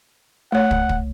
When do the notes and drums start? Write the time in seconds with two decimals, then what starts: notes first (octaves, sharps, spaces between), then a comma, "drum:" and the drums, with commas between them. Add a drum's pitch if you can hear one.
0.52 A3 C#5 F#5
0.71 drum: kick
0.89 drum: kick